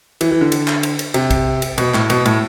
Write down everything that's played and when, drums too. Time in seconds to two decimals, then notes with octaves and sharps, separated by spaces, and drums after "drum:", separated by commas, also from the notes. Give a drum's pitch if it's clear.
0.21 E3, drum: cymbal
0.31 E3
0.41 D3
0.52 drum: cymbal
0.68 drum: clap
0.83 drum: cymbal
0.99 drum: cymbal
1.14 C3, drum: cymbal
1.30 drum: kick, cymbal
1.62 drum: cymbal
1.78 B2, drum: cymbal
1.94 A2, drum: clap
2.10 B2, drum: cymbal
2.26 A2, drum: cymbal